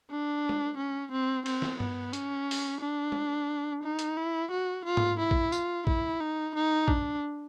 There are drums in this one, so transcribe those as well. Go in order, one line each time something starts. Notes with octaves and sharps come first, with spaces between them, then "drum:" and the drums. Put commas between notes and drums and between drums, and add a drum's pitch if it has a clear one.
D4
drum: tom
C#4
C4
C4, drum: cymbal
drum: snare
B3, drum: tom G2
C#4, drum: hi-hat
drum: open hi-hat
D4
drum: tom
D#4
drum: hi-hat
E4
F#4
F4
drum: tom G#2
E4
drum: kick
F4, drum: tambourine
E4, drum: kick
D#4
D#4
D4, drum: kick